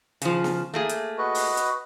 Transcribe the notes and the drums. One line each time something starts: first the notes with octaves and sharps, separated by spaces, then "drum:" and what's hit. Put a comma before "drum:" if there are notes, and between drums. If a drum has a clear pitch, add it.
C#3 F3, drum: hi-hat
drum: snare
A3 A#3 G#4
drum: hi-hat
F#4 B4 D#5
drum: open hi-hat
drum: hi-hat